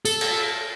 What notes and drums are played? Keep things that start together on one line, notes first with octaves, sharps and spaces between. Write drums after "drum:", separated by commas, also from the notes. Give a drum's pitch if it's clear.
A4, drum: tambourine
drum: cymbal